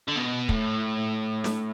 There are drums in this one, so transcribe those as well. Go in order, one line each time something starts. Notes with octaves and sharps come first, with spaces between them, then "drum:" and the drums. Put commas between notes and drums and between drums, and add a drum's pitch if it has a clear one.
D3
B2
A2, drum: kick
drum: snare